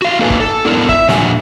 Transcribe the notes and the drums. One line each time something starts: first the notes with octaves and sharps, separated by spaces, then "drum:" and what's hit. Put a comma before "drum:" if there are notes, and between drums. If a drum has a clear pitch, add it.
F#4 F5
A#3 D#4 A4 B4 G#5
drum: kick
A4
B3 D4 E4 A#4
E5, drum: kick
A#2 F3 D4 G4 F#5 G#5, drum: snare